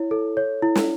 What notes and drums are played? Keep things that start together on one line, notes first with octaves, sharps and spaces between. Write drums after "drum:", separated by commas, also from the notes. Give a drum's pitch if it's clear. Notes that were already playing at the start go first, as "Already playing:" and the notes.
Already playing: E4 C#5
A4
C#5
E4
drum: snare